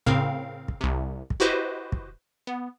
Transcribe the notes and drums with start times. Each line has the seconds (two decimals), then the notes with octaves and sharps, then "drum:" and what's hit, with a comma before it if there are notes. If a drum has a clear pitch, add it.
0.06 A2 C#3 C4 A#4 F5, drum: kick
0.68 drum: kick
0.81 C2 C3
1.30 drum: kick
1.40 E4 F#4 G4 B4 C5 D#5
1.92 drum: kick
2.47 B3